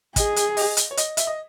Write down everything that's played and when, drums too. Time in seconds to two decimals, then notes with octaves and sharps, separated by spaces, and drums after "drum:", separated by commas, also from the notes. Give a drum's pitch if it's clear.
0.16 G#4 D#5, drum: kick, hi-hat
0.36 drum: hi-hat
0.57 D#5, drum: open hi-hat
0.77 drum: hi-hat
0.91 C#5
0.97 D#5, drum: hi-hat
1.17 E5, drum: hi-hat
1.27 D#5